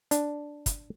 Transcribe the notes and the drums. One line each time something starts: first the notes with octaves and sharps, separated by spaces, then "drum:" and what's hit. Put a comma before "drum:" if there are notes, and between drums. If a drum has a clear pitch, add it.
D4, drum: hi-hat
drum: kick, hi-hat